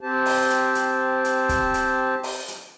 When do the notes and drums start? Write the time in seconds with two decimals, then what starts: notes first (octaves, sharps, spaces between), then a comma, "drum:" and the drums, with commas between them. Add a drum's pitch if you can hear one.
0.01 C4 G4 C5 A5
0.26 drum: open hi-hat
0.50 drum: hi-hat
0.75 drum: hi-hat
1.24 drum: hi-hat
1.49 drum: kick, hi-hat
1.74 drum: hi-hat
2.23 drum: open hi-hat
2.48 drum: hi-hat